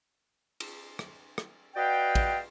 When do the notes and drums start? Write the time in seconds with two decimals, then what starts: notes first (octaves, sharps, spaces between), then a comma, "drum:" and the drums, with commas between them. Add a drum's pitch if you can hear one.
0.60 drum: cymbal
0.99 drum: rim click
1.38 drum: rim click
1.77 F#4 B4 D5 D#5 F5 G5
2.15 drum: kick, cymbal